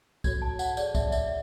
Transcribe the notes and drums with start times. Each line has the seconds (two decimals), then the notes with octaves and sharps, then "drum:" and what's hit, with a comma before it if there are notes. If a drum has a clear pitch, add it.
0.24 F#4 A4 C#5 G#6, drum: kick, tambourine
0.42 A5
0.59 F#5, drum: tambourine
0.77 G#4 C#5 D5, drum: tambourine
0.95 E5, drum: kick, tambourine
1.12 E5, drum: tambourine